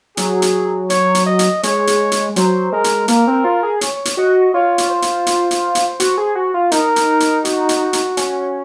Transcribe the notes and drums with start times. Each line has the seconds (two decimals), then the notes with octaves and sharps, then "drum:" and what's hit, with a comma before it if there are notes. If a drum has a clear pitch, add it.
0.17 F#3 G#4, drum: hi-hat
0.42 drum: hi-hat
0.90 C#5, drum: hi-hat
1.15 drum: hi-hat
1.26 D#5
1.39 drum: hi-hat
1.63 G#3 C#5, drum: hi-hat
1.87 drum: hi-hat
2.12 drum: hi-hat
2.36 F#3 C5, drum: hi-hat
2.72 G#3 A#4
2.84 drum: hi-hat
3.08 A#3 A#4, drum: hi-hat
3.27 C4
3.44 F4
3.63 G#4
3.81 C#5, drum: hi-hat
4.05 drum: hi-hat
4.17 F#4 D#5
4.54 F4 C#5
4.78 drum: hi-hat
4.90 C5
5.02 drum: hi-hat
5.26 drum: hi-hat
5.51 drum: hi-hat
5.75 drum: hi-hat
6.00 F#4, drum: hi-hat
6.18 G#4
6.35 F#4
6.54 F4
6.72 D#4 A#4, drum: hi-hat
6.96 drum: hi-hat
7.20 drum: hi-hat
7.45 F#4, drum: hi-hat
7.69 drum: hi-hat
7.93 drum: hi-hat
8.17 C#4, drum: hi-hat